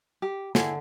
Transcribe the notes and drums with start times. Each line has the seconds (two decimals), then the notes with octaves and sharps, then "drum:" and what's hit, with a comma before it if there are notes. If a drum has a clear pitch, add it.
0.22 G4
0.55 D3 E4 G#4, drum: snare